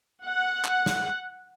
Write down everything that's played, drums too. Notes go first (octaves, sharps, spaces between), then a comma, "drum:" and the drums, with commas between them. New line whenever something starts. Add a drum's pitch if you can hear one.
F#5
drum: clap
drum: snare